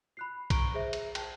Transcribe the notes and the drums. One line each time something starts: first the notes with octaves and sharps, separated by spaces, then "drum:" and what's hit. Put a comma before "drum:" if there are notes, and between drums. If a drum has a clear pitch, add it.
B5 F#6 C7
A#5 C#6 D7 G7, drum: kick B1, cymbal
G#4 C5 E5
drum: cymbal
G5 A5, drum: cymbal